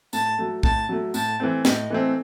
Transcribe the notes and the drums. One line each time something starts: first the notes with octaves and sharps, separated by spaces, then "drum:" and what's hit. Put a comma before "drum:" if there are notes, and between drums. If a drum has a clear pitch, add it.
A2 A5, drum: tambourine
F#3 A3
A2 A5, drum: kick
F#3 A3
A2 A5, drum: tambourine
E3 A3 C4
A2 D#5, drum: snare
E3 A3 C4